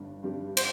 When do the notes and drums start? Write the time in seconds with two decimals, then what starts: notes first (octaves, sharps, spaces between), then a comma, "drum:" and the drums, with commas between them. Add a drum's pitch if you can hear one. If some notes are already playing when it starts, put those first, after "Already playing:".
Already playing: G1 G2 G3 D4
0.23 G2 G3 D4 G4
0.57 C5, drum: cymbal